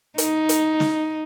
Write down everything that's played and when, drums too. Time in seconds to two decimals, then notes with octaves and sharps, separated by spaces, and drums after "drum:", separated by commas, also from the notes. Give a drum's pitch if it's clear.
0.18 D#4, drum: hi-hat
0.49 drum: hi-hat
0.80 drum: snare